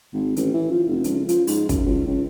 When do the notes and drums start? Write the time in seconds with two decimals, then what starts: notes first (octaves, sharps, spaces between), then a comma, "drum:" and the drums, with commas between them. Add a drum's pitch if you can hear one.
0.13 G#1
0.36 A1, drum: hi-hat
0.54 E3
0.71 F3
0.88 F1
1.04 C#2, drum: hi-hat
1.29 F3, drum: hi-hat
1.47 G#2, drum: open hi-hat
1.69 F#2, drum: kick, hi-hat
1.86 C#2
2.07 C#2